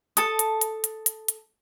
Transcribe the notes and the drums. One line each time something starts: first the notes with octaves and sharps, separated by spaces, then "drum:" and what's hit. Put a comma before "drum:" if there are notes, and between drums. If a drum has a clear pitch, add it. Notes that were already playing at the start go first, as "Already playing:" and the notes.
A4 A5 D#6, drum: hi-hat
drum: hi-hat
drum: hi-hat
drum: hi-hat
drum: hi-hat
drum: hi-hat